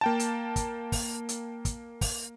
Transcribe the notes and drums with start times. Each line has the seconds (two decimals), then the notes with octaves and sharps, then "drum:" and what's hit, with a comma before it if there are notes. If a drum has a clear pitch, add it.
0.01 A#3 G5 A5
0.20 drum: hi-hat
0.56 drum: kick, hi-hat
0.92 drum: kick, open hi-hat
1.29 drum: hi-hat
1.65 drum: kick, hi-hat
2.01 drum: kick, open hi-hat